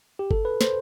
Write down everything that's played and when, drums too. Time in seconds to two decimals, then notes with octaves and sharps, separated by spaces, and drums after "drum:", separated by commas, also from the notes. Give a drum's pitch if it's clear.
0.19 G4
0.31 A4, drum: kick
0.45 B4
0.61 C5, drum: snare